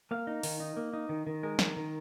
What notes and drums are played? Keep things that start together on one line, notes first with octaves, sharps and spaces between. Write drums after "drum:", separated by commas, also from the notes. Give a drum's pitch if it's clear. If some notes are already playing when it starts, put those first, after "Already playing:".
A#3 F5
D#4
D#3, drum: open hi-hat
D#4
A#3
D#4
D#3
D#3
G#3 A#4
D#3, drum: snare
D#3